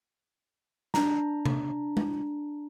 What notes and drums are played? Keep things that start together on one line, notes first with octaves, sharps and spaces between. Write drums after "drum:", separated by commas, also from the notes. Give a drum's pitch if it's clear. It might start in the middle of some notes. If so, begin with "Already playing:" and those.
D4 A#5, drum: snare
drum: tom C3
drum: tom G#3